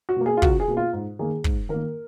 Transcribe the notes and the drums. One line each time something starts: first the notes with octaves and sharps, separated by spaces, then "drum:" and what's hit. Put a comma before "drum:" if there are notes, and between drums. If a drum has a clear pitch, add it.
F#4
B2 A#3
G#4
F4
C#2 F#4, drum: kick
G#4
B2 A#3
F4
G#2
D#3 A#3 G#4
G#2, drum: kick
D#3 A#3 A#4